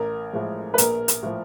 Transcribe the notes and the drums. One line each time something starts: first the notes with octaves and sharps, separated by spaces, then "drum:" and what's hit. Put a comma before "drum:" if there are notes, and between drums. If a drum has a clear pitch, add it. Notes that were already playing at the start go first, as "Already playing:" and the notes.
Already playing: A1 A#4
A2 F3 G#3
B4
A#1 A#4, drum: hi-hat
drum: hi-hat
A2 F3